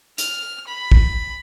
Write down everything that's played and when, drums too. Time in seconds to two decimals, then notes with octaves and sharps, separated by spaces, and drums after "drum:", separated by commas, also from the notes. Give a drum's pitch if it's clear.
0.18 F6, drum: hi-hat
0.67 B5
0.92 drum: kick